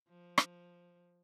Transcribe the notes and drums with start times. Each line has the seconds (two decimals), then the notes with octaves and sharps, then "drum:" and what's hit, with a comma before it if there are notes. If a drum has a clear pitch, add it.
0.09 F3
0.38 drum: rim click